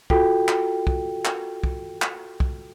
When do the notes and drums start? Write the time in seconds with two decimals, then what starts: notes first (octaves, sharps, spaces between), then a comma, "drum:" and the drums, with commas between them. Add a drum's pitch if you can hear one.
0.10 F4 F#4 A4 G5, drum: kick
0.48 drum: clap
0.87 drum: kick
1.25 drum: clap
1.63 drum: kick
2.02 drum: clap
2.40 drum: kick